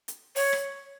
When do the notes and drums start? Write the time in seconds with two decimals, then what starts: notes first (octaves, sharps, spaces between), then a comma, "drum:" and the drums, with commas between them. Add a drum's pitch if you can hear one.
0.08 drum: hi-hat
0.36 C#5, drum: open hi-hat
0.53 drum: rim click